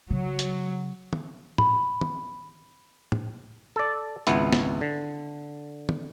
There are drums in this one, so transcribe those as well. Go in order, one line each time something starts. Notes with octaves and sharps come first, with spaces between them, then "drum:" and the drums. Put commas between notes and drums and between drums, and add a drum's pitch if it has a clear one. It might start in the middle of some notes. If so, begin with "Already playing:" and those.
C#3 F#3
drum: hi-hat
drum: tom
B5, drum: tom A2
drum: tom
drum: tom A2
A4 D5
G#1 C#2 B3 E4, drum: hi-hat
drum: snare
D3
drum: tom